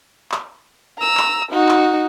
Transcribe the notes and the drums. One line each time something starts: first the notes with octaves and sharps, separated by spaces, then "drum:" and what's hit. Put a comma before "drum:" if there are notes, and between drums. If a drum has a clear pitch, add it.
drum: clap
A#5 E6
drum: clap
D#4 F#4
drum: clap